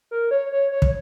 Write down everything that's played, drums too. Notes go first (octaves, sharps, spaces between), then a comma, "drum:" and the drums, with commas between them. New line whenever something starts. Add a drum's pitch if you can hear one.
A#4
C#5
C#5
C#5
drum: kick